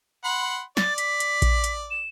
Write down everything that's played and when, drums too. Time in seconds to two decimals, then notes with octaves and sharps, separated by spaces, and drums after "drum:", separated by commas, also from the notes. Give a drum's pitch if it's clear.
0.24 F#5 B5 C6
0.77 D5 A6, drum: snare
0.98 B6, drum: hi-hat
1.20 drum: hi-hat
1.42 drum: kick A#1, hi-hat
1.64 drum: hi-hat
1.91 E7